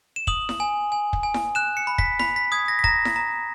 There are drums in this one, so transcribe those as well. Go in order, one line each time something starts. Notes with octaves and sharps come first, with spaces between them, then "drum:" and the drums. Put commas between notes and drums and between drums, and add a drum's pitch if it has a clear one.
E7
D#6 F#7, drum: kick
drum: snare E4
G#5
G#5
drum: kick
G#5
drum: snare E4
F#6 E7
C#7
B5
B6, drum: kick
B5 B6, drum: snare E4
B6
D#6 G#6
A#6
B6
A#5 A#6, drum: kick
drum: snare E4
A#5